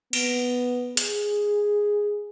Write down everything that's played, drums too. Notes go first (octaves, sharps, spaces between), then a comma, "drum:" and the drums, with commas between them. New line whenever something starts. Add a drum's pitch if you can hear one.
B3, drum: cymbal
G#4, drum: hi-hat